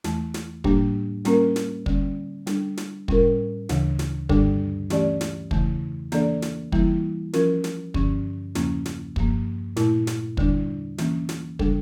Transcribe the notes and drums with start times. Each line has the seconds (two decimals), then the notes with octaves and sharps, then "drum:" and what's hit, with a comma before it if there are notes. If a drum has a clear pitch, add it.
0.04 E2 E3 A3, drum: snare
0.34 drum: snare
0.64 A2 G3 A#3 D4 G4, drum: kick
1.25 G3 A#3 C#4 F4 A#4, drum: snare
1.56 drum: snare
1.86 D3 G3 C#4, drum: kick
2.47 G3 D4 A4, drum: snare
2.77 drum: snare
3.08 A2 G3 C#4 F4 A#4, drum: kick
3.69 D2 C#3 E3, drum: snare
3.99 drum: snare
4.29 G2 D3 G3 D4 A4, drum: kick
4.90 E3 A3 C#4 G4 D5, drum: snare
5.21 drum: snare
5.51 E2 C#3 E3 A3, drum: kick
6.12 E3 A#3 D4 A4 D5, drum: snare
6.42 drum: snare
6.72 E3 G3 A#3 E4, drum: kick
7.33 F3 C#4 F4 A#4, drum: snare
7.64 drum: snare
7.94 G2 D3 F3 C#4, drum: kick
8.55 E2 C#3 F3 A#3 C#4, drum: snare
8.86 drum: snare
9.16 G2 F3 A#3, drum: kick
9.77 A#2 A3 E4, drum: snare
10.07 drum: snare
10.37 E2 D3 G3 D4, drum: kick
10.98 E3 A#3 C#4, drum: snare
11.29 drum: snare
11.59 C#3 G3 D4 A4, drum: kick